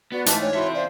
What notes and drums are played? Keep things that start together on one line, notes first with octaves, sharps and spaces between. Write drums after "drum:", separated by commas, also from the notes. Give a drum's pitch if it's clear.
B3 F#4 B4 D5
G#2 E3 A3 F4 A5, drum: hi-hat
D4 C#5 G5 G#5
C4 E4 F#4 A4 E5 C6
C5 D5 F5